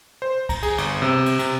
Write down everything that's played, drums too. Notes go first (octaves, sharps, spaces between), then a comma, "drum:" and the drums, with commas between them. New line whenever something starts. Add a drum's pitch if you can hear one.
C5
A#5, drum: kick, cymbal
G#4, drum: cymbal
G1, drum: cymbal
C3
drum: cymbal
C3, drum: cymbal